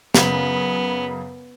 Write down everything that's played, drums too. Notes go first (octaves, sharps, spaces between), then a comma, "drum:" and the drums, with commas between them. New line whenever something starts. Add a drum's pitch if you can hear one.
F#2 C#3 B3, drum: snare